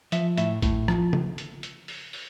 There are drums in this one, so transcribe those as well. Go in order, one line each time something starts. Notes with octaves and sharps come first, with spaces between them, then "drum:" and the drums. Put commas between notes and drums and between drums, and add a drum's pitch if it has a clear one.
F3 E5, drum: hi-hat
A2 E5, drum: hi-hat
A2, drum: kick A1, hi-hat
F3, drum: rim click
drum: tom
drum: hi-hat
drum: hi-hat
drum: open hi-hat
drum: open hi-hat